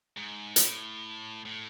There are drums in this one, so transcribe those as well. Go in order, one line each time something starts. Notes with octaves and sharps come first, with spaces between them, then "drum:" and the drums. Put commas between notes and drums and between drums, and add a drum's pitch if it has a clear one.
G#2
A#2, drum: hi-hat
A2
A2